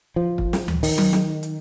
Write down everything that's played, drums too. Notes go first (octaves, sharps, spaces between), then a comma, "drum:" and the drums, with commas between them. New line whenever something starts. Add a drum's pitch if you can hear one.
F3
drum: kick
drum: snare
drum: tom D2
D#3, drum: open hi-hat
drum: tom F#3
drum: snare
drum: hi-hat